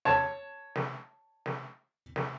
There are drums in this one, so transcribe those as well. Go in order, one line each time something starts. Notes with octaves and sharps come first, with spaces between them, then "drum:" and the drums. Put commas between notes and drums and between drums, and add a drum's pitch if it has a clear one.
C#5 A5, drum: snare
drum: snare
drum: snare
drum: snare